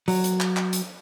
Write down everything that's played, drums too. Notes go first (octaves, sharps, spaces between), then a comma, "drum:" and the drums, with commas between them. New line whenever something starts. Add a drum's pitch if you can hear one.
F#3, drum: open hi-hat
drum: hi-hat
drum: clap
drum: clap
drum: hi-hat